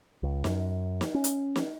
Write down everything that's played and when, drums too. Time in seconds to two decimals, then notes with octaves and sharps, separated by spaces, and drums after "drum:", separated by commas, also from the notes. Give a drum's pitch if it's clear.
0.23 C#2
0.44 F#2, drum: snare
1.01 drum: snare
1.14 C#4
1.24 drum: hi-hat
1.56 drum: snare